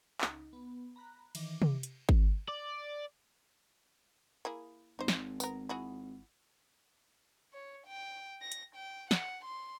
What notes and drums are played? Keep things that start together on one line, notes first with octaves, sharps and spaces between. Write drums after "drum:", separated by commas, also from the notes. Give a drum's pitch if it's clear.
C#2 D#4, drum: clap
B3
A#5 B5 F#6
D#3 E3 D6, drum: cymbal
drum: tom C3
drum: hi-hat
drum: kick G#1
D5
A#3 E4 G#4
G#1 D#4 C5
drum: snare
B3 A#4, drum: tambourine
E4 F#4 G#4
C#5
G5
A#6
drum: hi-hat
G5
F#5, drum: snare
C6